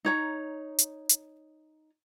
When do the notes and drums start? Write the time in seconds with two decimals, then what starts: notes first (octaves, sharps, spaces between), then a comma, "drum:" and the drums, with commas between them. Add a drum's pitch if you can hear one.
0.05 D#4 C#5 A#5
0.78 drum: hi-hat
1.09 drum: hi-hat